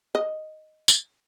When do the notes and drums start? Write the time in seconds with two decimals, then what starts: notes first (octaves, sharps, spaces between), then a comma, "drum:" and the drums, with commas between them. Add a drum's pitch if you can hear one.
0.15 D#5
0.88 drum: tambourine